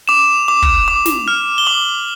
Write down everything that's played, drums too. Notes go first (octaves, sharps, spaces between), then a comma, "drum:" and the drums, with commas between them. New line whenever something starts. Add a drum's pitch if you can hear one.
D6 E7
D6
drum: kick
D6
drum: snare
F6
G7
D6 F#7